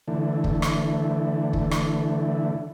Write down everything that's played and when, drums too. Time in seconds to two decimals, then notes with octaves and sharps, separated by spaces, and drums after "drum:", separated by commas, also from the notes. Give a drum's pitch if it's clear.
0.08 D3 E3 A3
0.44 drum: kick
0.62 drum: rim click
1.53 drum: kick
1.71 drum: rim click